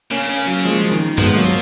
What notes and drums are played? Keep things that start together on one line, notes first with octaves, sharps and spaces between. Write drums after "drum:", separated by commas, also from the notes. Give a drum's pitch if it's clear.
C#3 A#3 C#4, drum: open hi-hat
A#3 C#4
F#3 A#3
F3 G#3
F3
D#3, drum: hi-hat
F3 G#3 B3, drum: tom
F#3 A#3